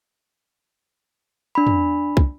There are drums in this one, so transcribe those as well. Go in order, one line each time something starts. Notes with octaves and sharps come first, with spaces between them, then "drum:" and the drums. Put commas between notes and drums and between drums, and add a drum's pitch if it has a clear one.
D4 B5
drum: tom
drum: kick